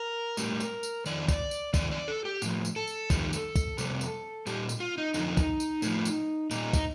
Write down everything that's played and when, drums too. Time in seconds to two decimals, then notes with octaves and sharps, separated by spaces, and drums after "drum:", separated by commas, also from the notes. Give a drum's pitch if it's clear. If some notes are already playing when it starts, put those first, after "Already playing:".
Already playing: A#4
0.37 A2 G3, drum: tambourine
0.60 drum: tambourine
0.83 drum: tambourine
1.06 F2 D#3 D5, drum: tambourine
1.28 drum: kick, tambourine
1.51 drum: tambourine
1.74 F2 D#3 D5, drum: kick, tambourine
1.91 D5
2.08 A4
2.25 G4
2.42 A2 F3, drum: tambourine
2.65 drum: tambourine
2.76 A4
2.87 drum: tambourine
3.10 F2 D#3 G3, drum: kick, tambourine
3.33 drum: tambourine
3.56 drum: kick, tambourine
3.78 F2 C3 G3, drum: tambourine
4.01 drum: tambourine
4.47 A#2 G3 G4, drum: tambourine
4.69 drum: tambourine
4.80 F4
4.98 D#4
5.14 F2 D3 F3 D#4, drum: tambourine
5.37 drum: kick, tambourine
5.60 drum: tambourine
5.82 A2 F3, drum: tambourine
6.05 drum: tambourine
6.51 A#2 G3 D#4, drum: tambourine
6.73 drum: kick, tambourine